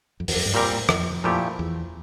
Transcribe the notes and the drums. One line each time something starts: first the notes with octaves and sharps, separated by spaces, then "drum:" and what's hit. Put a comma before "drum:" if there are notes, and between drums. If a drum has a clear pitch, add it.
F2
E2, drum: open hi-hat
F2
G2
A#2 G3 C4 G4 A#4
A2
F2, drum: rim click
A#2 F3 A3 E4 G4
E2